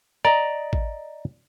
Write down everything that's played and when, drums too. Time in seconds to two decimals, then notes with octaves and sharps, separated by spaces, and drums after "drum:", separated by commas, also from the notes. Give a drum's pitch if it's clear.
0.25 D5 D#5 A#5
0.73 drum: kick